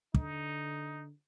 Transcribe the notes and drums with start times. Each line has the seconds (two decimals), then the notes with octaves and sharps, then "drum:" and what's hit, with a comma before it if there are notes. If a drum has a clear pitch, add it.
0.14 D3 D#4, drum: kick